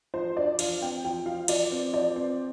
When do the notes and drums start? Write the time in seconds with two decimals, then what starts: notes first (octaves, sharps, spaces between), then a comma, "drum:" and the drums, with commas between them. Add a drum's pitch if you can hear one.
0.14 F3 C5
0.37 D4 D5
0.59 F3 F5, drum: cymbal
0.81 C4 G5
1.04 F3 G5
1.26 F3 F5
1.48 F3 D5, drum: cymbal
1.71 C4
1.93 F3 D5
2.16 C4